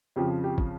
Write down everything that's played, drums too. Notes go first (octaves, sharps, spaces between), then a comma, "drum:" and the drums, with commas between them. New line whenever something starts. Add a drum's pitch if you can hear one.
F2 C#3 F3 G4
G4
drum: kick